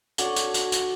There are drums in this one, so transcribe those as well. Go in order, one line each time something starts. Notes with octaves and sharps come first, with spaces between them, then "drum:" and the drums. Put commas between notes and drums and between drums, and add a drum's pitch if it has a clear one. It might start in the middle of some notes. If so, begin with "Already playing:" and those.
D4 F#4 A4 C#5, drum: tambourine
drum: tambourine
drum: tambourine
drum: tambourine